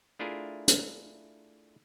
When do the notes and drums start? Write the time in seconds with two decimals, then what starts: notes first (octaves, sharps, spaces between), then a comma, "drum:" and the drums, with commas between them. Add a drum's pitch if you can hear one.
0.19 A3 D4 E4 F4 G#4 A#4
0.68 drum: hi-hat